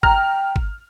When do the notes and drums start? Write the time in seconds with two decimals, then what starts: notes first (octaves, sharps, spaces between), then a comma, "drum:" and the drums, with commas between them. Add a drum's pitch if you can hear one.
0.03 G5 A#5 F6, drum: kick G1
0.56 drum: kick G1